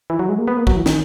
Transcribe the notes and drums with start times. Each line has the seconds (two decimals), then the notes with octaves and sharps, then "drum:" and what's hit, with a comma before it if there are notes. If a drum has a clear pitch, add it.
0.10 E3
0.19 F#3
0.29 G#3
0.38 A#3
0.48 B3
0.57 A#3
0.67 F#3, drum: kick
0.76 E3
0.86 D#3, drum: snare